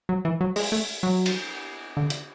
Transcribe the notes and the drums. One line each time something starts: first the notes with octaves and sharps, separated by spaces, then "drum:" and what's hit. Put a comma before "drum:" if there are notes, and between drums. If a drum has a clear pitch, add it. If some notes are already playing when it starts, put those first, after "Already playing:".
F#3
E3
F#3
G#3, drum: open hi-hat
A3
F#3
drum: cymbal
D3
drum: hi-hat